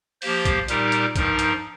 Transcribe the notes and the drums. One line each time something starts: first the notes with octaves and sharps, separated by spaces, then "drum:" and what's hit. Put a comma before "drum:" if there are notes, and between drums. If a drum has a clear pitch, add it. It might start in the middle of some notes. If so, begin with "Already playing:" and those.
F3 A#3 G4 C5, drum: open hi-hat
drum: kick, hi-hat
A#2 G3 D#4 G4 A#4, drum: hi-hat
drum: hi-hat
G2 F3 D#4 A#4, drum: kick, hi-hat
drum: hi-hat